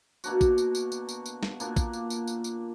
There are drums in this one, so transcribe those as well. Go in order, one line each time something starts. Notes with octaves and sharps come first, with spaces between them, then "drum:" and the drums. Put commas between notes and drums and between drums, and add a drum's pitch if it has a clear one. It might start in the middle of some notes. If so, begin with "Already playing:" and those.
B2 A#3 D4 F#4, drum: tambourine
drum: kick, tambourine
drum: tambourine
drum: tambourine
drum: tambourine
drum: tambourine
drum: tambourine
drum: snare
A#2 A#3 D4, drum: tambourine
drum: kick, tambourine
drum: tambourine
drum: tambourine
drum: tambourine
drum: tambourine